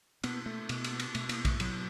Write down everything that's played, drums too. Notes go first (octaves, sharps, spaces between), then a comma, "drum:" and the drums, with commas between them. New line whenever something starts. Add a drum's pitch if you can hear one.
B2 B3, drum: cymbal
A3
B2, drum: cymbal
drum: cymbal
drum: cymbal
B2 A3, drum: cymbal
A#3, drum: cymbal
A3, drum: kick A#1, cymbal
B2 F#3, drum: cymbal